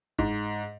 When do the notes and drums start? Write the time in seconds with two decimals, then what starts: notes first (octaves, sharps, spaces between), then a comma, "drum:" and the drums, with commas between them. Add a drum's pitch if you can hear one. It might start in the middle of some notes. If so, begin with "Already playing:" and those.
0.19 G#2, drum: kick